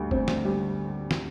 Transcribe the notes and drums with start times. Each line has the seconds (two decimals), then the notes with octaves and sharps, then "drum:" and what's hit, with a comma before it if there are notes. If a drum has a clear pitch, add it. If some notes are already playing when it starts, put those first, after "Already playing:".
Already playing: D2 G3
0.11 C4, drum: kick F#1
0.28 drum: snare
0.45 G3
1.11 drum: snare